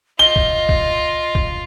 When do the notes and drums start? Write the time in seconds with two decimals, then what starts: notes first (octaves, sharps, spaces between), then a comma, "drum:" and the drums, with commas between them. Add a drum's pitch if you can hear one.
0.19 F4 D#5 G7
0.36 drum: kick
0.69 drum: kick
1.35 drum: kick